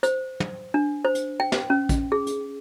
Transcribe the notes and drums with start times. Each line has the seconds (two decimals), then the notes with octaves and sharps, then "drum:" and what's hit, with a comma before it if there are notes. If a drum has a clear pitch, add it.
0.03 C5, drum: hi-hat
0.40 drum: tom
0.74 D4
1.05 C5
1.15 drum: hi-hat
1.40 G5
1.52 drum: snare
1.70 C#4
1.89 drum: kick, hi-hat
2.12 G#4
2.27 drum: hi-hat